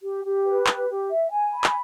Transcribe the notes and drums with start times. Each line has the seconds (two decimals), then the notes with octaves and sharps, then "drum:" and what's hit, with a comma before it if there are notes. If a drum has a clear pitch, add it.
0.02 G4
0.25 G4
0.46 B4
0.67 G4, drum: clap
0.89 G4
1.10 E5
1.31 G#5
1.53 B5
1.64 drum: clap